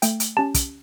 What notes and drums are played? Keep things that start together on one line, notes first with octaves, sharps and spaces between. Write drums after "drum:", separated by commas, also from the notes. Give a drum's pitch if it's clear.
A3 G5, drum: hi-hat
drum: hi-hat
C#4 G4 A5
drum: kick, hi-hat